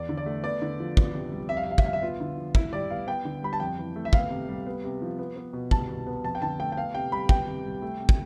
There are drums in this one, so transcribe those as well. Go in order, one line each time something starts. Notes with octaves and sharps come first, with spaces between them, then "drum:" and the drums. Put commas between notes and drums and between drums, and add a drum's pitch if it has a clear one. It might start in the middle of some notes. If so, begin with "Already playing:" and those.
Already playing: E2 D5
D3
D5
A3
B3 D5
D3
F3
B3, drum: kick
C3
G3
F2 E5
F5
E5
C3 F5
E5, drum: kick
G3 F5
E5
B3 F4
D3
F3
A2 E4, drum: kick
G3 D5
B3 F5
B3 G5
D3
G3 B5
A5
F2 G5
E3
A3
E5
B3 F5, drum: kick
C3
G3
B3
C3
F3
B3
B3
B2
C2 A5, drum: kick
B2
B3
F2 A5
G5
D3 A5
A3 G5
G5
B3 F5
C3 G5
G3 B5
B3 G5, drum: kick
C3
G3
A3
C3
drum: kick